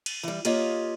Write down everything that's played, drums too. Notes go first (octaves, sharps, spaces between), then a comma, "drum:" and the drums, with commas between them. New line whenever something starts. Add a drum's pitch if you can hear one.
drum: cymbal
E3 G3
A#3 F4 G4 C#5 D#5, drum: cymbal